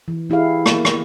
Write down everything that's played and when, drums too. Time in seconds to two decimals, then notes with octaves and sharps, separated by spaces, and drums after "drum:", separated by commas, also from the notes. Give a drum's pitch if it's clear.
0.08 E3
0.30 E3 E4 G4 G#4 F5
0.66 A#3 B3, drum: rim click
0.85 drum: rim click